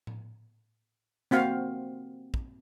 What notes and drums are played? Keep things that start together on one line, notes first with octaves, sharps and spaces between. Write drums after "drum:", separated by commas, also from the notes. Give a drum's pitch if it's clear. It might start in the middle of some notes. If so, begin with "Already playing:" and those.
drum: tom A2
A#3 C4 F#4 F5, drum: snare
drum: kick